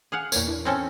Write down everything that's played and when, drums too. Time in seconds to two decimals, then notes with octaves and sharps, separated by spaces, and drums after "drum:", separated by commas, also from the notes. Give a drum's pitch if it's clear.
0.12 G#4 F5 F#5
0.32 E2 A#2 E3 A#3 C#5, drum: tambourine
0.47 E3 D4 E4
0.65 C4 C#4 A4